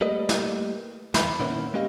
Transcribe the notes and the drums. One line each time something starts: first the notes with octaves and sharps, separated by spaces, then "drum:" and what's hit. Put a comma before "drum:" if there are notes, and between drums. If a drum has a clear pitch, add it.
G3 A3 A#3 B4 D#5
drum: snare
E2 B5, drum: snare
A#2 D#3 A#3 B3 C#4 E4
G#3 A#3 C#4 G4 D#5 F5